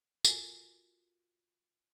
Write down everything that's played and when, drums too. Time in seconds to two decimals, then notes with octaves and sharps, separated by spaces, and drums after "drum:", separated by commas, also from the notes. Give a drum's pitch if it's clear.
0.25 F4 F#4 A4 A#4 G#5, drum: tambourine